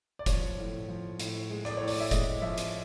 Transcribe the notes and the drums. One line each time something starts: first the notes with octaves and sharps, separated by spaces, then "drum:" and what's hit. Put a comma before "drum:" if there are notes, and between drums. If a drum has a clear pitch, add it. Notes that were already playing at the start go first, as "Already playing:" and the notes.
D5
F3 C#5, drum: kick F#1, hi-hat
A2
F3
A2, drum: hi-hat
G#3
D5, drum: rim click
A2 C#5
D5, drum: open hi-hat
E5
G#3 D#5, drum: kick F#1, hi-hat
F3 E5
drum: hi-hat